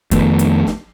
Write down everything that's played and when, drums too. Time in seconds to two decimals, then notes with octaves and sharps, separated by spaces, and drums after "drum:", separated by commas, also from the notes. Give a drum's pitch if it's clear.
0.11 F2 D#3 A3 B3, drum: kick, hi-hat
0.39 drum: hi-hat
0.67 drum: snare